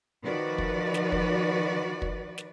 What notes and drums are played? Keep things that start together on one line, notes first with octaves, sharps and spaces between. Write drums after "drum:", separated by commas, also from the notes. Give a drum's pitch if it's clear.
D#3 F3 F#4 B4 D5
drum: kick
drum: snare
drum: kick
drum: kick
drum: snare